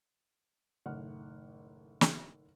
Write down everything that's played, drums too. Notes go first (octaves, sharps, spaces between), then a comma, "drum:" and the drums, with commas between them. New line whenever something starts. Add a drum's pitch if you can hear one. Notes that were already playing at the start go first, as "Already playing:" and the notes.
F#1 A2 D#3 F#5 F6
drum: snare